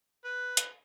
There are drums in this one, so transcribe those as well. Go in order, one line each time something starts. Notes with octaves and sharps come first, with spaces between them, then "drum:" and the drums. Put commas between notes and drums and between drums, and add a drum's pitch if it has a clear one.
B4
drum: hi-hat